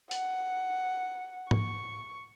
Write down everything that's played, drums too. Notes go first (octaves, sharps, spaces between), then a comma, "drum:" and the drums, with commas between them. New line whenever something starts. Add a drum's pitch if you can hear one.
F#5, drum: hi-hat
C#6, drum: tom G#2